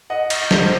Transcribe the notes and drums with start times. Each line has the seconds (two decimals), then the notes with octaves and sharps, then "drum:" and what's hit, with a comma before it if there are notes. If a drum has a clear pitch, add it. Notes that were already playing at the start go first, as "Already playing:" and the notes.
0.10 D#5 F#5
0.30 drum: cymbal
0.51 C5 D#5, drum: snare